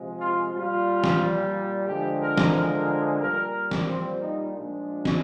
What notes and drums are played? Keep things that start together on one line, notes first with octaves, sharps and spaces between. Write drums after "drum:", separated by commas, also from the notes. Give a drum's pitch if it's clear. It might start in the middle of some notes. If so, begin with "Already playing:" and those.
Already playing: C3 F3 G#3
F4
A#2 G3 F4
drum: snare
D3 F3 G#3 G4
A#4
drum: snare
A#4
A#2 G3 A#4
drum: snare
C4
D#4
A#2 F3 G#3 D4
drum: snare